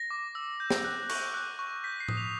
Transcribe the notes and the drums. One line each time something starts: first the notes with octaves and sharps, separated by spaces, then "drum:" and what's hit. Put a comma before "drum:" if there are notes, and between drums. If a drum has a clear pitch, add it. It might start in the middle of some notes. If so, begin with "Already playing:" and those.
Already playing: A#6
D6
E6
G6
drum: snare
F#6
C#6, drum: cymbal
F#6
C#6
G6 B6
C7
D#6, drum: tom A2
F7